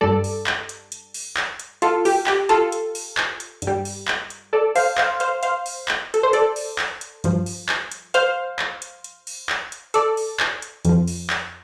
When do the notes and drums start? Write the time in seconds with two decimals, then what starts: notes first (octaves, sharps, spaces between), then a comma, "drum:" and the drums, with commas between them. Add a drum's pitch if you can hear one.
0.01 G2 G3 A4 D5
0.24 drum: open hi-hat
0.47 drum: clap
0.69 drum: hi-hat
0.92 drum: hi-hat
1.14 drum: open hi-hat
1.37 drum: clap
1.60 drum: hi-hat
1.82 F4 A4, drum: hi-hat
2.05 G4, drum: open hi-hat
2.27 G4, drum: clap
2.49 F4 A4, drum: hi-hat
2.72 drum: hi-hat
2.95 drum: open hi-hat
3.18 drum: clap
3.40 drum: hi-hat
3.62 G2, drum: hi-hat
3.67 G3
3.85 drum: open hi-hat
4.08 drum: clap
4.30 drum: hi-hat
4.53 A4 D5
4.75 C5 F5, drum: open hi-hat
4.98 C5 F5, drum: clap
5.20 C5 F5, drum: hi-hat
5.43 C5 F5, drum: hi-hat
5.66 drum: open hi-hat
5.88 drum: clap
6.14 A4, drum: hi-hat
6.23 C5
6.33 A4 D5, drum: hi-hat
6.56 drum: open hi-hat
6.79 drum: clap
7.01 drum: hi-hat
7.24 G2 F3, drum: hi-hat
7.46 drum: open hi-hat
7.69 drum: clap
7.92 drum: hi-hat
8.14 C5 F5, drum: hi-hat
8.59 drum: clap
8.82 drum: hi-hat
9.04 drum: hi-hat
9.27 drum: open hi-hat
9.50 drum: clap
9.72 drum: hi-hat
9.94 A4 D5, drum: hi-hat
10.17 drum: open hi-hat
10.40 drum: clap
10.62 drum: hi-hat
10.85 F2 F3, drum: hi-hat
11.08 drum: open hi-hat
11.30 drum: clap